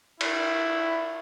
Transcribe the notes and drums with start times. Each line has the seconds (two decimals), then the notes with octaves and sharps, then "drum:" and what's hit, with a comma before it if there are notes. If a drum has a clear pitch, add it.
0.21 E4, drum: cymbal